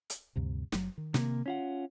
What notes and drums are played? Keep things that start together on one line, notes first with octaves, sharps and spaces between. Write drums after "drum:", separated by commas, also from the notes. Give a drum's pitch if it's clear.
drum: hi-hat
D2 G2 C3
F#1 F#3, drum: snare
D#3
C3 A#3, drum: snare
C#4 F4 F#5